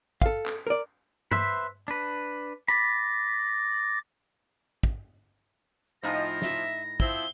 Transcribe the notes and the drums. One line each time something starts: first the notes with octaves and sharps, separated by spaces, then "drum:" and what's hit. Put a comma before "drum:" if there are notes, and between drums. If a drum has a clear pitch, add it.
A4 F5, drum: kick
drum: clap
A#4 D5
B4 C5 E5, drum: tom G2
D4 B4
B5 D6 A6 A#6, drum: hi-hat
drum: kick
A2 F3 D#4 G#5 A#6
E5, drum: snare
F3 C4 E4 G7, drum: kick